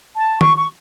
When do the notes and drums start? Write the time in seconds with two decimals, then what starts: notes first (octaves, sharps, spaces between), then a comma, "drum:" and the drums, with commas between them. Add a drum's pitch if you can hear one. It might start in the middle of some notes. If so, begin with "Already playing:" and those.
0.16 A5
0.41 C#6, drum: tom
0.57 C#6